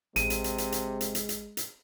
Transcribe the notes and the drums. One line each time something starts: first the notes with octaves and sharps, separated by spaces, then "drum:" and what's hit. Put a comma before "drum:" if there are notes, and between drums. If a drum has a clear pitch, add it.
A1 C3 G#3 D#7, drum: hi-hat
drum: hi-hat
drum: hi-hat
drum: hi-hat
drum: hi-hat
drum: hi-hat
drum: hi-hat
drum: hi-hat
drum: hi-hat